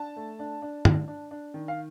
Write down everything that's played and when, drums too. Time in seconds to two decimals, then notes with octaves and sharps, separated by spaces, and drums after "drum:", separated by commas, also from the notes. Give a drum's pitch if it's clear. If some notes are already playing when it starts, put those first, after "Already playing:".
Already playing: D4 A5
0.16 A3
0.39 D4
0.62 D4
0.85 D4, drum: tom G2
1.08 D4
1.31 D4
1.54 D#3
1.68 F5